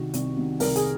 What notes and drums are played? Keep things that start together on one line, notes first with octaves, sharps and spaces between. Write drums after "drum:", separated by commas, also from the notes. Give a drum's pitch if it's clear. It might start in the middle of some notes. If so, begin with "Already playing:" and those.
Already playing: C2 C3 D#3 F#4
C2, drum: hi-hat
C3 D#3
C2 A#4, drum: open hi-hat
G#4, drum: hi-hat